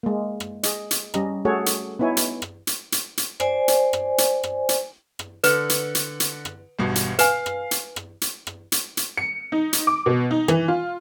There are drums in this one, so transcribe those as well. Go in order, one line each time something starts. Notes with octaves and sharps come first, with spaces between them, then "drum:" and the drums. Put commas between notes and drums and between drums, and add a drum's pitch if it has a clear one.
G#3 A#3
drum: rim click
G#4 D#5, drum: hi-hat
drum: hi-hat
G3 C#4 G4 D#5 A#5, drum: rim click
A3 F#4 G#4 A4 C#5 F#5
drum: hi-hat
B3 D#4 E4 C#5 G#5
drum: hi-hat
drum: rim click
drum: hi-hat
drum: hi-hat
drum: hi-hat
C5 D5 G#5, drum: rim click
drum: hi-hat
drum: rim click
drum: hi-hat
drum: rim click
drum: hi-hat
drum: rim click
D3 B4, drum: hi-hat
drum: hi-hat
drum: hi-hat
drum: hi-hat
drum: rim click
E1 G2 B2
drum: hi-hat
B4 F5 G#5, drum: hi-hat
drum: rim click
drum: hi-hat
drum: rim click
drum: hi-hat
drum: rim click
drum: hi-hat
drum: hi-hat
C#7
D#4
drum: hi-hat
D6
B2
D#4
E3, drum: rim click
F4